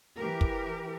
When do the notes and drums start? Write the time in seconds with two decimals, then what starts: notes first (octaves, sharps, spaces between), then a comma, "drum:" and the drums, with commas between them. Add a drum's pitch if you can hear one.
0.17 E3 G4 A#4
0.41 drum: kick